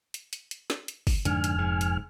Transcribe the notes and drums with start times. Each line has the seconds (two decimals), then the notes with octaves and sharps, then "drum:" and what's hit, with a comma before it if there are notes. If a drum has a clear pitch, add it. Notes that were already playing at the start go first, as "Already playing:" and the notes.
0.14 drum: hi-hat
0.33 drum: hi-hat
0.51 drum: hi-hat
0.70 drum: snare
0.88 drum: hi-hat
1.07 drum: kick, open hi-hat
1.25 F2 G#2 D3 G#5 F6, drum: hi-hat
1.44 drum: hi-hat
1.56 F1 G#2
1.81 drum: hi-hat